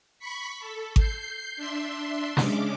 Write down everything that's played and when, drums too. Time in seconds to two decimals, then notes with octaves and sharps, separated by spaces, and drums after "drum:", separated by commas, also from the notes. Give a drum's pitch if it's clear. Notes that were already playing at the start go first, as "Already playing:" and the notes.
0.19 B5 C#6 B6
0.60 A4
0.96 G6 C7, drum: kick G#1
1.56 D4 E5 C6
2.37 C#3 G#3 C#4 D4 D6, drum: snare